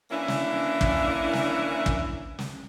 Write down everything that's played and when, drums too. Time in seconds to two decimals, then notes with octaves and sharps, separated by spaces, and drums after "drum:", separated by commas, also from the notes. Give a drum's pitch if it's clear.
0.11 E3 A#3 C#4 D4 E4
0.28 drum: snare
0.81 drum: kick
1.33 drum: snare
1.86 drum: kick
2.39 drum: snare